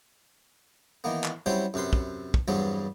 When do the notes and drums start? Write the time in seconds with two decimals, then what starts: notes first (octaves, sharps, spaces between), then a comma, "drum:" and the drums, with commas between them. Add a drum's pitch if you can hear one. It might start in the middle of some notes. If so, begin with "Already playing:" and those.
1.04 D#3 E3 A#3 B3
1.24 drum: clap
1.46 F#3 G3 C4 C#4 E4 C5
1.74 F#2 C3 B4 C6
1.93 drum: kick
2.34 drum: kick
2.48 E2 G2 F#3 G3 C4